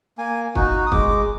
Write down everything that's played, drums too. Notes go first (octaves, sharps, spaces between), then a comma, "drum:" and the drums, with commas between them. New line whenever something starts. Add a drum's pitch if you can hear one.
A#3 G#5
D#4 F#4, drum: kick
D#6
G#3 D6, drum: kick